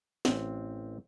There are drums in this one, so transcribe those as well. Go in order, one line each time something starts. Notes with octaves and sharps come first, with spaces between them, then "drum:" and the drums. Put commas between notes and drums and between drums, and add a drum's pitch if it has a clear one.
A1 C4, drum: snare